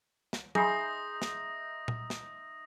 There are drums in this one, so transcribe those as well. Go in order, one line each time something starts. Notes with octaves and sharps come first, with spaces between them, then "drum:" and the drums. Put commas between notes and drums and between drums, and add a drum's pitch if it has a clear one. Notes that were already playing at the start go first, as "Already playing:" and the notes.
drum: snare
D#4 G#4 E5 G#5 B5 C6 D#6 A#6, drum: tom
drum: snare
drum: tom A#2
drum: snare